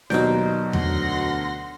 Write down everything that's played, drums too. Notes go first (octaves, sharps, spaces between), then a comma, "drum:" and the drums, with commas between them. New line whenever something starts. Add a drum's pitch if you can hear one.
D#2 B2 F#3 D#4 C5 D5 G6, drum: snare C#4
D2 F#5 C6 A#6, drum: tom E2